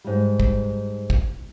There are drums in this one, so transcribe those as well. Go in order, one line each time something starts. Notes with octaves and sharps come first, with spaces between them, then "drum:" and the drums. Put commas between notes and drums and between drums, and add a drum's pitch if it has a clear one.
G#2 G3
drum: kick
drum: kick